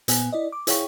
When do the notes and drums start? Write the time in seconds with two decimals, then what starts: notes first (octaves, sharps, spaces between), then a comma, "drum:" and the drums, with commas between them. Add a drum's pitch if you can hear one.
0.08 A#2 B3 G#5, drum: hi-hat
0.32 E4 D5 D#5
0.52 D6
0.67 E4 G#4 C#5 F5 G5 C#6, drum: hi-hat